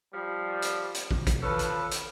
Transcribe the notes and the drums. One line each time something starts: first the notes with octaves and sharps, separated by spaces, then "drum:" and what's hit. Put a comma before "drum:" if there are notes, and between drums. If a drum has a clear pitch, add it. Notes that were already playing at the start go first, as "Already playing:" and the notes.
F3 G3
drum: hi-hat
drum: hi-hat
drum: kick
drum: kick, hi-hat
F3 C#4 A4 B4
drum: hi-hat
drum: hi-hat